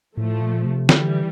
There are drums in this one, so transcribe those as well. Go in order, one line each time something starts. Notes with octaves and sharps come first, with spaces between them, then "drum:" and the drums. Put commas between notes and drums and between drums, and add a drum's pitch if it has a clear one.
A2 F3 A3
A#2
C3
D3 E3 G3, drum: snare